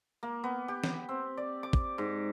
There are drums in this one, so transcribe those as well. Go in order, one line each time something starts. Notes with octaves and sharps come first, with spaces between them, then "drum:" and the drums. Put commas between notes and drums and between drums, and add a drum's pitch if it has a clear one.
A#3
B3
G4
drum: snare
C4
D5
D6
drum: kick
G#2